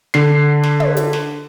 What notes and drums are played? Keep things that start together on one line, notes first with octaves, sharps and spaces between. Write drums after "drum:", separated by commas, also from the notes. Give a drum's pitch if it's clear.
D3 C7, drum: snare
drum: snare
drum: tom
drum: hi-hat
drum: snare